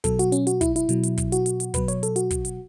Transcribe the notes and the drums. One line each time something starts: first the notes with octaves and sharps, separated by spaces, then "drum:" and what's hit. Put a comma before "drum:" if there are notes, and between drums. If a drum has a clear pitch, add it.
B2 F#3 A4, drum: kick, hi-hat
F#4, drum: hi-hat
C#4, drum: hi-hat
F#4, drum: hi-hat
E4, drum: kick, hi-hat
E4, drum: hi-hat
B2 F#3, drum: hi-hat
drum: hi-hat
drum: kick, hi-hat
F#4, drum: hi-hat
drum: hi-hat
drum: hi-hat
B2 F#3 B4, drum: kick, hi-hat
C#5, drum: hi-hat
A4, drum: hi-hat
F#4, drum: hi-hat
drum: kick, hi-hat
drum: hi-hat